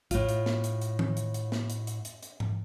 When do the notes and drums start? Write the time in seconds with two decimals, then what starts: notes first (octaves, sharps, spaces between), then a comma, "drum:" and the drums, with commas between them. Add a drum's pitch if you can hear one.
0.11 A2 F4, drum: kick, hi-hat
0.29 drum: hi-hat
0.46 drum: snare
0.64 drum: hi-hat
0.81 drum: hi-hat
0.99 drum: tom D#3
1.17 drum: hi-hat
1.34 drum: hi-hat
1.52 drum: snare
1.70 drum: hi-hat
1.87 drum: hi-hat
2.05 drum: hi-hat
2.23 drum: hi-hat
2.40 drum: tom G#2